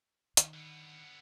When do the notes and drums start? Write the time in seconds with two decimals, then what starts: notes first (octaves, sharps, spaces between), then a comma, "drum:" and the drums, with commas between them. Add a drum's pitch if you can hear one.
0.37 D#3, drum: hi-hat
0.54 D3 B3